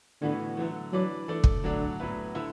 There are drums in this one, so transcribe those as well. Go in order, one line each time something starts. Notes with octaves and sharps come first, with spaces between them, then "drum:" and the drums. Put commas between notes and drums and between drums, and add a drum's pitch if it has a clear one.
A2 D3 E3 B3 F#4 B4
D3 E3 F#3 A3
E3 F#3 D4 B4 D5
E3 A3 D4 A4 D5
drum: kick
A2 D3 F#3 A3 D4 F#4
A2 F#3 B3 E4 B4
D3 A3 E4